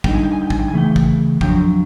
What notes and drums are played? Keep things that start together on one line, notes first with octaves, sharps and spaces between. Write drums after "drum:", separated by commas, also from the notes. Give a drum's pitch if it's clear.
D3 G3 C4 D#4 G5, drum: kick
G#5
G5
G#5
G5
G#5, drum: kick
G5
G#5
C#3 E3 A3 G5
drum: kick
F2 D3 F#3 G5, drum: kick